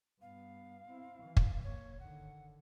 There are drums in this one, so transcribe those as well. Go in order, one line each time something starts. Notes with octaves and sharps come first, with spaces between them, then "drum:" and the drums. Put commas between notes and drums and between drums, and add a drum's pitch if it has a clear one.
G2 B3 F5
C4 E4
E3
drum: kick
A#3 C#5
D3 D#3 F#5